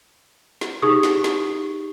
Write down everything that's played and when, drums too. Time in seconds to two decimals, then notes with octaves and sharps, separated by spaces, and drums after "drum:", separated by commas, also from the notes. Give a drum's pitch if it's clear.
0.61 drum: snare
0.82 D#4 G4 G#4 C#6 D#6
1.03 drum: snare
1.24 drum: snare